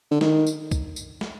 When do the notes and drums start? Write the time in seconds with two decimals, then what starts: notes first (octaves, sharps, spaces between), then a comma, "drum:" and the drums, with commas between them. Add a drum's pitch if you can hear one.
0.11 D3
0.21 D#3, drum: snare
0.47 drum: tambourine
0.71 drum: kick B1, tambourine
0.96 drum: tambourine
1.21 drum: snare